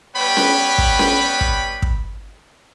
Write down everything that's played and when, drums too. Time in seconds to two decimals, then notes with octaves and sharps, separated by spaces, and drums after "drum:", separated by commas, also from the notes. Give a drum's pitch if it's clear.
0.16 G3 B3 B4 C#5 G5 B5
0.37 drum: snare C#4
0.78 drum: kick
0.99 drum: snare C#4
1.41 drum: kick
1.82 drum: kick